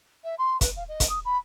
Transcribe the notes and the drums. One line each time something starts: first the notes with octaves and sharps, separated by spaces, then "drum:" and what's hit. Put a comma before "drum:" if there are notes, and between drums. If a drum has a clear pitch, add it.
E5
C6
B4, drum: kick, hi-hat
F5
D#5
drum: kick, hi-hat
D#6
B5